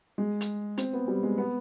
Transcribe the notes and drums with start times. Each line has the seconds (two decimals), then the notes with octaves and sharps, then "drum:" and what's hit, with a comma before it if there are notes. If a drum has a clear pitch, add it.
0.18 G#3
0.41 drum: hi-hat
0.77 C4, drum: hi-hat
0.93 B3
1.08 G3
1.23 G#3
1.38 B3